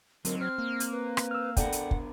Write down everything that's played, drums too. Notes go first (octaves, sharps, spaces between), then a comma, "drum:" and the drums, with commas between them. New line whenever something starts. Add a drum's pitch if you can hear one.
D3 F#3 C4 D#4 A#4, drum: hi-hat
C4 C5 F6
A#3
drum: hi-hat
B4
drum: rim click
E6 F6
B3 D4 A4 A#4 D5 F#5 G5, drum: kick, hi-hat
drum: hi-hat
drum: kick